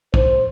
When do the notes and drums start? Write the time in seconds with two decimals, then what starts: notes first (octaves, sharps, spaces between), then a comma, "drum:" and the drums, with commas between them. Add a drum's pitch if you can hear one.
0.14 C5, drum: kick